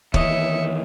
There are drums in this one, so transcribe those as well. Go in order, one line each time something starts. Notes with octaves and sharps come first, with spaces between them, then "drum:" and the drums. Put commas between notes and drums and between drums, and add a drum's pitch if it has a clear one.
D#2 E3 C#5 D#5 E5 C#7, drum: kick